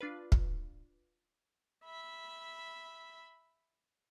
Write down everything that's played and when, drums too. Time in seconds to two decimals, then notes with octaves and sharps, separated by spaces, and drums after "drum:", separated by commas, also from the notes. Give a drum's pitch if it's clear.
0.01 D4 F4 B4
0.32 drum: kick
1.85 E5 B5